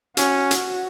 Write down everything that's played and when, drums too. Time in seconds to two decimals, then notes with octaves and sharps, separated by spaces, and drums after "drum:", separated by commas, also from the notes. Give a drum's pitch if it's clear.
0.17 C#4 F#4, drum: hi-hat
0.51 drum: hi-hat